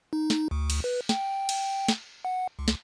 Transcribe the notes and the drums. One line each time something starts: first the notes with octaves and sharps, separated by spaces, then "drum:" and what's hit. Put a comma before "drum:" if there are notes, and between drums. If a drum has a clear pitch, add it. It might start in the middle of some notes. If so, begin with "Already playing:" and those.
D#4
drum: snare
D2
drum: cymbal
B4
G5, drum: snare
drum: cymbal
drum: snare
F#5
C#2
drum: snare